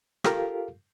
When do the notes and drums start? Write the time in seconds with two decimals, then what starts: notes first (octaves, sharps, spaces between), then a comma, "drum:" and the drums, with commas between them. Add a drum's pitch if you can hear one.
0.24 F4 G4 A4 A#4 F5, drum: rim click